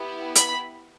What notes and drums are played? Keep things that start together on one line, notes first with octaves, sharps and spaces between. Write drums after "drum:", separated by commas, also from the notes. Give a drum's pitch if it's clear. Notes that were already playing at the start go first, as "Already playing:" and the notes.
Already playing: B3 E4 G4
B5, drum: hi-hat